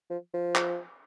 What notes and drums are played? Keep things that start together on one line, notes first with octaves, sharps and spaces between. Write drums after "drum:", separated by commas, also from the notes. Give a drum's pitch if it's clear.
F3
F3
drum: clap